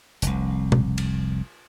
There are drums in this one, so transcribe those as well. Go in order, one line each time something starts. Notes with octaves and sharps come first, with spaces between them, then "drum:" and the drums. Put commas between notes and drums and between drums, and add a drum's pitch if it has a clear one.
F1 C2, drum: hi-hat
drum: tom
drum: cymbal